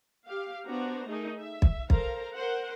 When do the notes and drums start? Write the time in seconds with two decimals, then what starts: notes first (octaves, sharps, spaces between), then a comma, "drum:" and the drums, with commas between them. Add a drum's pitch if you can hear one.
0.27 G4 F5
0.66 B3 D4 F#4 C5 A#5
1.07 A3 D#4 G#4 A#4
1.37 E5
1.62 drum: kick
1.90 A4 A#4 C5 F5 A#5, drum: kick
2.34 A#4 C5 F#5